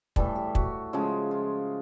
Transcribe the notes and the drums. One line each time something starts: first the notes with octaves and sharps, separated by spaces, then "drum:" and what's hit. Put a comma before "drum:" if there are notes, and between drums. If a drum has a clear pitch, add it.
A2 E3 G3 A4, drum: kick
G4
F#4, drum: kick
C#3 F3 G#3
F4